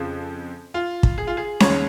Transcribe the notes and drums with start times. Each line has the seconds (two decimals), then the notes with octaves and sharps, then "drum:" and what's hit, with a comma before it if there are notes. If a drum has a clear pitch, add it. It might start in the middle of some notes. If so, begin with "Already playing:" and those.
Already playing: F2 C#3 F3
0.74 F4
1.03 drum: kick
1.18 G#4
1.27 F4
1.37 G#4
1.60 D#2 C#3 G#3 C#4 C#5, drum: snare C#4